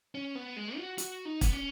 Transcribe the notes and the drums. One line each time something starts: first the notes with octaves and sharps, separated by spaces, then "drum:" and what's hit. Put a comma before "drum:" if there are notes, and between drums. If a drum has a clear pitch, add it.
C#4
B3
G#3
F#4
F#4, drum: hi-hat
D#4
B3, drum: kick, hi-hat
C#4